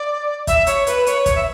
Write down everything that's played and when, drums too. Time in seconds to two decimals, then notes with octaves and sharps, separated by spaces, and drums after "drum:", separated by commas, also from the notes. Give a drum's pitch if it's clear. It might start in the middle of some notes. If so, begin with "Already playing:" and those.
Already playing: D5
0.47 E5, drum: kick, hi-hat
0.67 C#5, drum: hi-hat
0.87 B4, drum: hi-hat
1.06 C#5, drum: hi-hat
1.26 drum: kick, hi-hat
1.35 E5